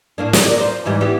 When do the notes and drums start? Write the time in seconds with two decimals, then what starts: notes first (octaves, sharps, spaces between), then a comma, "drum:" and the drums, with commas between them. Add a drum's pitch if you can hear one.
0.18 A2 A#3 D4
0.33 drum: snare
0.46 A#4 D5
0.61 F4 C5
0.86 G#2 E3 G3
1.01 E3 B3 G4